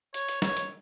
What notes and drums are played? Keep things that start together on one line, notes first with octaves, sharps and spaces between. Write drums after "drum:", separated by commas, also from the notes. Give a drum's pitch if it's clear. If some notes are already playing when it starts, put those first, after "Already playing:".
C#5, drum: hi-hat
drum: hi-hat
C#5, drum: snare
drum: hi-hat